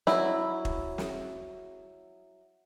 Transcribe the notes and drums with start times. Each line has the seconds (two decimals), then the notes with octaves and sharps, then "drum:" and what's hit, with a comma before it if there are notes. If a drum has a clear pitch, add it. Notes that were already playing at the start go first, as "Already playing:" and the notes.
0.07 F#3 E4, drum: snare
0.65 drum: kick
0.98 drum: snare